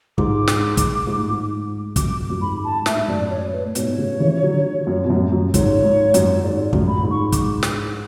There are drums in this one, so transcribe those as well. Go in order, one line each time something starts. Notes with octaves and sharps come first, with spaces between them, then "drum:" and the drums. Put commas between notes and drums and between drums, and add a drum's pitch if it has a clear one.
G#2 D6, drum: kick
drum: snare
drum: kick, hi-hat
G#2
A2
G#2
F#2 D6, drum: kick, hi-hat
F#2
G#2 B5
A5
A2 E5, drum: snare
G#2
F#2 A2 D5
C#5
B4
A2
G#2 B2 C#5, drum: hi-hat
A2 C#3
C#3 E3
D3 F#3
F#2
B2
F#2 A2
F#2
G#2 C#5, drum: kick, hi-hat
G#2
F#2, drum: hi-hat
C#5
G#2 D5
F#2 A2, drum: kick
B5
G#2
C#6
D6, drum: kick, hi-hat
drum: snare